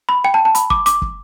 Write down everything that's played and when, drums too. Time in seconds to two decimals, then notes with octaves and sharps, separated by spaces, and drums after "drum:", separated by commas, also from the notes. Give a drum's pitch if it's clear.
0.09 B5
0.25 G5
0.34 A5
0.45 A5
0.55 B5, drum: hi-hat
0.70 D6, drum: kick
0.86 D6, drum: hi-hat
1.02 drum: kick